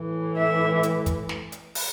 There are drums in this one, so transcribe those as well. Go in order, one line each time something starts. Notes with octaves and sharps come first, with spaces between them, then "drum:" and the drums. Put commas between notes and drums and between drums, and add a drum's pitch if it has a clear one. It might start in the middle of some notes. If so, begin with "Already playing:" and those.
Already playing: A2 E3
E5
drum: hi-hat
drum: kick, hi-hat
drum: snare
drum: hi-hat
drum: open hi-hat